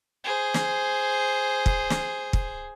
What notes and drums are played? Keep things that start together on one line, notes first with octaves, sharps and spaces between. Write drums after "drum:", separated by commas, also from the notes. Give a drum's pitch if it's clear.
G#4 C5
drum: snare
drum: kick
drum: snare
drum: kick